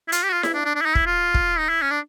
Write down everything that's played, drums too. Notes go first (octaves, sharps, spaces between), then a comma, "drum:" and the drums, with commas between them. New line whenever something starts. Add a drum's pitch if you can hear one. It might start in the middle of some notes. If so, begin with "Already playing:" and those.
E4
F4, drum: hi-hat
G4
F#4
F4
E4, drum: snare E4
D4
D4
D4
E4
D#4
E4, drum: kick
F4
drum: kick
D#4
E4
C#4
D4